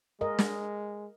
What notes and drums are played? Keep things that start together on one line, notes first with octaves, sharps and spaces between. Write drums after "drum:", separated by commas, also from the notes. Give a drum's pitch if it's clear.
G#3 A#4 D#5
drum: snare